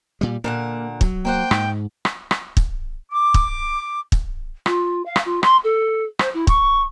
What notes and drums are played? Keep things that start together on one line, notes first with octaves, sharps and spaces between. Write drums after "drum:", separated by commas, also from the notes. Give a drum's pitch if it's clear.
A#2 G3
A#2 D3 A#3 F#5
F#3, drum: kick
A#3 C5 F#5 G5
G#2, drum: rim click
drum: rim click
drum: rim click
drum: kick
D6
drum: kick
drum: kick
F4, drum: rim click
F5
drum: rim click
F4
C6, drum: rim click
A4
C5, drum: rim click
E4
C#6, drum: kick